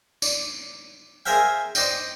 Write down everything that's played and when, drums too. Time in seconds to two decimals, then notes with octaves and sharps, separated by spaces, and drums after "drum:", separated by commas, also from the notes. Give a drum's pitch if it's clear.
0.22 D5, drum: tambourine
1.26 G#4 A#4 C5 E5 F5 G5
1.75 C5 D5 D#5 G5, drum: tambourine